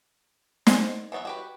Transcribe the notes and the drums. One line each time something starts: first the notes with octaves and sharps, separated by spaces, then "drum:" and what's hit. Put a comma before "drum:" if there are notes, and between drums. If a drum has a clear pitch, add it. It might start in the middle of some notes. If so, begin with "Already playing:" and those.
C5 D5 F#5 G#5, drum: snare
E3 F#3 B3 C#5 E5
F#4 G4 B4